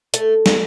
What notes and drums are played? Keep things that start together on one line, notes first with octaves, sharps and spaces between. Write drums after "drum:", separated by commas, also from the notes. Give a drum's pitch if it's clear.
A3, drum: hi-hat
drum: snare